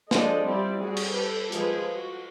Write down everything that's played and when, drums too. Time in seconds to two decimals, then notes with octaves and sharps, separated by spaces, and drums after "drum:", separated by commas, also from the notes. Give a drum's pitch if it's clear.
0.11 F3 G#3 D4 G#4 A4 D#5, drum: snare
0.45 G3 C4 E4 G4 D5
0.79 G3 F#4 G#4
0.97 drum: cymbal
1.11 G4 A4 B4
1.52 F3 G#3 F4 G#4 B4, drum: hi-hat
1.93 F#4